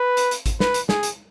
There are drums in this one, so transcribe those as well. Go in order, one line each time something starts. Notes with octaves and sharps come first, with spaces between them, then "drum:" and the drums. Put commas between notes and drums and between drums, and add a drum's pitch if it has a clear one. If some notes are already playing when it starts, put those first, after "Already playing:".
Already playing: B4
drum: hi-hat
drum: hi-hat
drum: kick G#1, hi-hat
B4, drum: snare
drum: hi-hat
G#4, drum: snare
drum: hi-hat